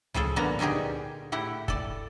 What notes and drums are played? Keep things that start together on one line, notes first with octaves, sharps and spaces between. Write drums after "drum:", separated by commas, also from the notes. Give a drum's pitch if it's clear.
C#3 F3 G#4 A4, drum: tom C#2
A#2 D3 A#3 B3 C#4 A#5
D3 C#4 D#4 G4 G#4
A2 E4 G4 F#5
A4 D5, drum: kick